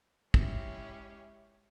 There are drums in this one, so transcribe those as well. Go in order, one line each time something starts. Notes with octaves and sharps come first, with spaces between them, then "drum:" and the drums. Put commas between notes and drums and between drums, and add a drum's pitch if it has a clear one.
G#3 C#4 E4 G4, drum: kick